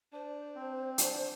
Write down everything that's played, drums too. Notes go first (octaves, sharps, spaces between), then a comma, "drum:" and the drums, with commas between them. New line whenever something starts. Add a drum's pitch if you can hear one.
D4 C5
C4
D4, drum: hi-hat